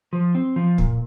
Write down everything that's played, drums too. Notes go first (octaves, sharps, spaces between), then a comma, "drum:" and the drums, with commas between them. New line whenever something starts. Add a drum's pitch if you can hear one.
F3
C4
F3
A#2, drum: kick